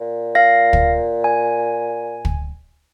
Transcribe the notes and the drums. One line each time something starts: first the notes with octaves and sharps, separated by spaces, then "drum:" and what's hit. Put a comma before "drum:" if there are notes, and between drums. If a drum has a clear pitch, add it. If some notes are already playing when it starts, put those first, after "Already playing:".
A#2
F5 A#6
drum: kick
G#5
drum: kick